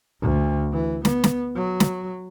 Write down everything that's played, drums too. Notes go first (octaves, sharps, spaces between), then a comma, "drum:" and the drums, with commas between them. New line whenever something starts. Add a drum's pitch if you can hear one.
D2
E3
B3, drum: snare
drum: snare
F#3
drum: snare